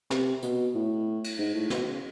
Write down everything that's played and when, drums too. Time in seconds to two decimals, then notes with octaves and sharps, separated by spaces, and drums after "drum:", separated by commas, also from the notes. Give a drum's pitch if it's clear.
0.10 C3, drum: snare
0.42 B2, drum: hi-hat
0.75 A2
1.24 drum: cymbal
1.38 G#2
1.54 A2
1.70 B2, drum: snare
1.87 C#3